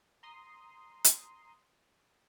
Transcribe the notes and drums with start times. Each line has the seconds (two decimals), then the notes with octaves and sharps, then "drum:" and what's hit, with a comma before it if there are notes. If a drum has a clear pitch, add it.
0.23 A#5 C6 D#6
1.04 drum: hi-hat